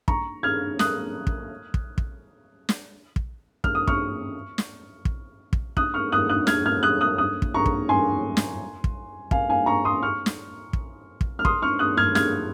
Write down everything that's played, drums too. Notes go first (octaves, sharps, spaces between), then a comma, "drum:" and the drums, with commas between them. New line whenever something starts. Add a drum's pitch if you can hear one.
A#5 C#6, drum: kick
F6 G#6
D#6 F#6, drum: snare
drum: kick
drum: kick
drum: kick
drum: snare
drum: kick
F6, drum: kick
D#6
C#6 F6, drum: kick
drum: snare
drum: kick
drum: kick
D#6 F#6, drum: kick
C#6 F6
D#6 F#6
D#6 F#6
F6 G#6, drum: snare
F6 G#6
D#6 F#6
D#6 F#6
D#6 F#6
drum: kick
A#5 C#6
drum: kick
G#5 C6
drum: snare
drum: kick
F5 G#5, drum: kick
F5 G#5
A#5 C#6
C6 D#6
C#6 F6
drum: snare
drum: kick
drum: kick
F6
C6 D#6, drum: kick
C#6 F6
D#6 F#6
F6 G#6
F6 G#6, drum: snare